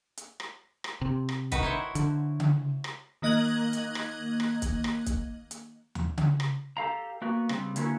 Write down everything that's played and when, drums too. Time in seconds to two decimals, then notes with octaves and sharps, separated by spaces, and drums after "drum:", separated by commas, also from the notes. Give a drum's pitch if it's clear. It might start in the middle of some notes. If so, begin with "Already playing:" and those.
0.17 drum: hi-hat
0.40 drum: rim click
0.84 drum: rim click
1.01 C3
1.29 drum: rim click
1.52 D#3 F#4 B4, drum: kick, hi-hat
1.63 E4 C5 C#5
1.95 D3, drum: hi-hat
2.40 drum: tom C#3
2.84 drum: rim click
3.22 D#3 A#3 D#5 F#6 G#6 F#7
3.73 drum: hi-hat
3.95 drum: rim click
4.40 drum: rim click
4.62 drum: kick, hi-hat
4.84 drum: rim click
5.06 drum: kick, hi-hat
5.51 drum: hi-hat
5.95 drum: tom
6.17 drum: tom C#3
6.40 drum: rim click
6.77 G4 A4 F5 A#5
7.22 A#3 B3 F#4
7.49 C#3 G3 B3 C4, drum: rim click
7.76 D3 A#3 B3 C#4 E4 F#4, drum: hi-hat